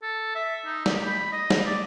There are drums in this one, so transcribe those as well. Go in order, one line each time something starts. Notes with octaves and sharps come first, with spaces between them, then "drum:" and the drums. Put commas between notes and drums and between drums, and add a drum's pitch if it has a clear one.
A4
E5
D#4
G4, drum: snare
B5
D#5
drum: snare
D5